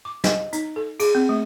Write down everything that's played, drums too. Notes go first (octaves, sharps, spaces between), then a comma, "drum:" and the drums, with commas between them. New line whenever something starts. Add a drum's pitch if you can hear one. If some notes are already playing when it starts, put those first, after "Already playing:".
D6
D#5, drum: snare
D#4, drum: hi-hat
A4
G#4, drum: cymbal
C4
A3